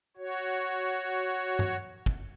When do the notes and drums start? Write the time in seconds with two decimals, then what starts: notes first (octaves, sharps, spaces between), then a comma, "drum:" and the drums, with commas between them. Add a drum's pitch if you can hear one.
0.17 F#4 C#5
1.59 drum: tom
2.06 drum: kick